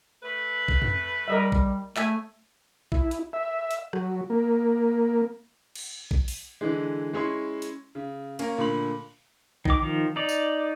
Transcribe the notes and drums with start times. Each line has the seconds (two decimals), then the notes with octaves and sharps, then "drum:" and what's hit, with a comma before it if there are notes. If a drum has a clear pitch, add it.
0.23 A3 B4
0.68 drum: kick A#1
0.82 drum: tom F2
1.28 G3 A#4 D#5 E5
1.52 drum: kick A#1
1.96 A3 E5 G#5, drum: clap
2.92 E4, drum: kick A#1
3.11 drum: hi-hat
3.33 E5
3.71 drum: hi-hat
3.93 F#3, drum: rim click
4.30 A#3
5.75 drum: cymbal
6.11 drum: kick A#1
6.28 drum: open hi-hat
6.61 D3 E3 G#3
7.13 G#3 C#4 E4 C6
7.62 drum: hi-hat
7.95 C#3
8.39 A#3 C#4 A#4, drum: cymbal
8.58 A#2 D3 A3 B5 F#7
9.65 D#3 D6, drum: kick A#1
9.83 D#3 F3
10.16 D#4 D5
10.29 drum: tambourine